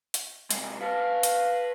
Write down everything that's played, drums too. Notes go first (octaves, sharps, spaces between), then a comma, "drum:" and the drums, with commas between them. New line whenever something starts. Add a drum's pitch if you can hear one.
drum: hi-hat
C3 G#3, drum: hi-hat
B4 F5 A5
drum: hi-hat